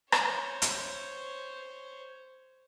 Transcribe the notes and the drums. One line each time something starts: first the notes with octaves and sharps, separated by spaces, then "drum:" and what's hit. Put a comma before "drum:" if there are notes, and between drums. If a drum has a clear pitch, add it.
C5 C#5, drum: rim click
drum: hi-hat